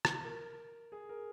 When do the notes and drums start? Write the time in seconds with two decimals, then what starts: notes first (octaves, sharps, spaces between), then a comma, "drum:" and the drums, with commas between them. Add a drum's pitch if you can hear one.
0.05 drum: rim click
0.23 A#4
0.92 G#4
1.09 A#4